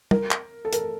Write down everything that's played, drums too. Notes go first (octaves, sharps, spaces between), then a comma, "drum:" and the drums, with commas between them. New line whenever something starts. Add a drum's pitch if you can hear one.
A#4, drum: tom
drum: clap
A4
A#4, drum: hi-hat